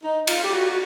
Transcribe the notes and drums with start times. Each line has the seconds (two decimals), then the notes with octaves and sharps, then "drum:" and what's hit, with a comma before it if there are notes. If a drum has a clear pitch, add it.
0.03 D#4
0.27 F4, drum: cymbal
0.43 G4
0.52 F#4
0.70 F#4